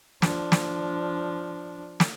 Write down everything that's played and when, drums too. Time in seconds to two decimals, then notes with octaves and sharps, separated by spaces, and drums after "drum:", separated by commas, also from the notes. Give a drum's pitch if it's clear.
0.22 F3 D4, drum: snare
0.52 drum: snare
2.00 drum: snare